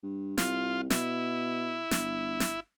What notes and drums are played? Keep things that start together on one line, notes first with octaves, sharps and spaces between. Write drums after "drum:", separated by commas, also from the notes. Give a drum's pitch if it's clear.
G2
C2 F4, drum: snare
B2 E4, drum: snare
G1, drum: snare
drum: snare